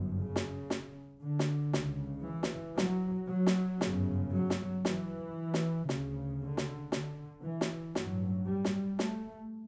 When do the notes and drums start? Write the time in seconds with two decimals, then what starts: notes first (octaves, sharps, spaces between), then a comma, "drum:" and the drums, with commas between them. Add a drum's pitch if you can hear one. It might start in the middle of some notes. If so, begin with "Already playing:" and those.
Already playing: G1 F#2
0.19 C#3
0.36 drum: snare
0.70 drum: snare
1.22 D3
1.39 drum: snare
1.73 C#2 C#3, drum: snare
2.26 E3
2.43 drum: snare
2.78 F#3, drum: snare
3.29 F#3
3.47 drum: snare
3.81 G1 F#2 C#3, drum: snare
4.32 F#3
4.50 drum: snare
4.85 E3, drum: snare
5.54 drum: snare
5.89 D2 C#3, drum: snare
6.40 D3
6.57 drum: snare
6.92 D3, drum: snare
7.43 E3
7.61 drum: snare
7.95 A1 G2 F#3, drum: snare
8.47 G3
8.65 drum: snare
8.99 A3, drum: snare